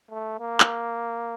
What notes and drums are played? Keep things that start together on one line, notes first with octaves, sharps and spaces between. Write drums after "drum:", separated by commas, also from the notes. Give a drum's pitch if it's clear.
A3
A#3
drum: clap